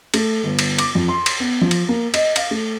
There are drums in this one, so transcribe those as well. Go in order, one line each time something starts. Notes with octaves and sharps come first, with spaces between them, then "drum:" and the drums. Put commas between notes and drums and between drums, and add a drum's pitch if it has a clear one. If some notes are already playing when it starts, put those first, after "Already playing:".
A3, drum: cymbal
G1
drum: cymbal
D6, drum: cymbal
F2
C6
drum: cymbal
B3
F3
drum: cymbal
A#3
D#5, drum: cymbal
F5, drum: cymbal
A3